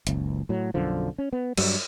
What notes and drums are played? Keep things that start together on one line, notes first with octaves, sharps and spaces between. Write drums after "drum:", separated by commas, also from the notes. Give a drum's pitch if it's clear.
F#1 C#2, drum: hi-hat
A2 F#3
B1 F#2 D3 F3
C#4
B3
G2 F#3 G3, drum: cymbal